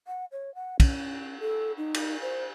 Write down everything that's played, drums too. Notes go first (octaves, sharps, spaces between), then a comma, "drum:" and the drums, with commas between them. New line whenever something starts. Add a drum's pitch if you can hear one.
F#5
C#5
F#5
C#4, drum: kick, cymbal
A4
D#4
drum: cymbal
C5